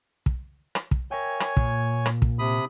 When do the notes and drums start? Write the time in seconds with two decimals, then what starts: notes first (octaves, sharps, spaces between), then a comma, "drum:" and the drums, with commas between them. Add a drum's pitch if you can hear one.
0.26 drum: kick
0.75 drum: rim click
0.91 drum: kick
1.11 A#4 C#5 E5 G5 G#5
1.40 drum: rim click
1.57 A#2, drum: kick
2.06 drum: rim click
2.22 drum: kick
2.39 C3 B5 D#6